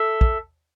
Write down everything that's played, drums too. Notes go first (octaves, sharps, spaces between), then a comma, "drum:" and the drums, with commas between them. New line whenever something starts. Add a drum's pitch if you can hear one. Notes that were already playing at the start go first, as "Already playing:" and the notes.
Already playing: A4 E5
drum: kick